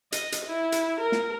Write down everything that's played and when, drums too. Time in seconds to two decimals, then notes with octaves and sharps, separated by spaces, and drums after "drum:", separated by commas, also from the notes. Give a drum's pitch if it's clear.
0.12 D#5, drum: hi-hat
0.32 drum: hi-hat
0.45 E4
0.72 drum: hi-hat
1.00 A#4
1.12 drum: snare